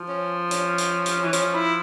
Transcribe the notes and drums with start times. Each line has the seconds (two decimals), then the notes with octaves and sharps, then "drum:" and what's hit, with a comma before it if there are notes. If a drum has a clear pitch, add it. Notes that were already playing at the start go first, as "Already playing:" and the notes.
Already playing: F3
0.09 C#4
0.51 C#4, drum: hi-hat
0.78 drum: hi-hat
1.06 drum: hi-hat
1.24 E3
1.33 F3 C#4, drum: hi-hat
1.54 E4